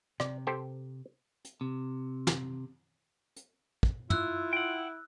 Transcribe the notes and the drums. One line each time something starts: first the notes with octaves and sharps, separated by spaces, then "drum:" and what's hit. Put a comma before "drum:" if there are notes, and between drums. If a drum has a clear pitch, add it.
C3 D5, drum: rim click
G4 A4 C5
drum: hi-hat
C3
drum: snare
drum: hi-hat
drum: kick
E4 F4 E6 F#6, drum: tom
F#5 G5